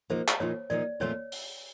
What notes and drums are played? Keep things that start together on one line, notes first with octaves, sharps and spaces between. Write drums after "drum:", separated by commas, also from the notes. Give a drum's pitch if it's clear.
A#2 F3 A#3 D#4 C5
drum: clap
A#2 F3 A#3 D#4 C#5
A#2 F3 A#3 D#4 D5
A#2 F3 A3 C4 F4 C#5
drum: open hi-hat